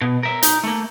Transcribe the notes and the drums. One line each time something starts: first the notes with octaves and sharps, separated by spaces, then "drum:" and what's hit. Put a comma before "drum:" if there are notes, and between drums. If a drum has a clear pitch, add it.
B2
A#4 E5
D#4, drum: hi-hat
A3 A#3